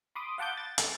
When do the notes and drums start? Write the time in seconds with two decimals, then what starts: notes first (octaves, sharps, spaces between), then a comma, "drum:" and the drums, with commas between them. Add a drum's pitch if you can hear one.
0.15 B5 C6 D6 D#6
0.38 F5 F#5 A5 D6 G6
0.57 A6
0.78 drum: hi-hat